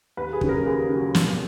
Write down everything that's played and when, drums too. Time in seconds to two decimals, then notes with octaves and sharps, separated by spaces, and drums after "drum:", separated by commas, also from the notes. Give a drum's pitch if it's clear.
0.17 D#2 B4
0.33 G#4
0.41 C#3 F#3, drum: kick
0.49 A#4
0.66 D#2 G#4
0.89 C#3 F#3
1.15 B1, drum: snare